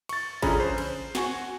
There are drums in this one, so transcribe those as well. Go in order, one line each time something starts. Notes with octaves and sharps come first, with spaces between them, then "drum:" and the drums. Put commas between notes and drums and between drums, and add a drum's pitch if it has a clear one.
C#6 A6, drum: cymbal
D3 F3 C#4 G#4 A#5 B5, drum: kick G#1, cymbal
C5
drum: cymbal
F#4 F#5 G#5 C#6, drum: snare